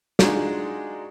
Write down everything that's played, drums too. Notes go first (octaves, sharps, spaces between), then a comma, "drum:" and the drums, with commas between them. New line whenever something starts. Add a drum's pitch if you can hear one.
G#3 D4 D#4 F4 F#4, drum: snare